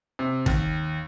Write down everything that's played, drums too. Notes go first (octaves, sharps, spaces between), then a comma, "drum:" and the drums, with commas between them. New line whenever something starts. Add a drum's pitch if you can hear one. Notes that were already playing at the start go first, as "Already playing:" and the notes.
C3
D#2, drum: kick